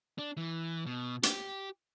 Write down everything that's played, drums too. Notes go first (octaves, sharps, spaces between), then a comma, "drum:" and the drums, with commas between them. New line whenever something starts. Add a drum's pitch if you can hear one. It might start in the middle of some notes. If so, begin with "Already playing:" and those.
D4
E3
B2
G4, drum: hi-hat